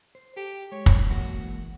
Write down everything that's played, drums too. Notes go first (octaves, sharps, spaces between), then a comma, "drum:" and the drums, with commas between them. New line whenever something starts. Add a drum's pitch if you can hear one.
C5
G4 A4
G#3 C#5
drum: kick
A1 E3 A#3 F#4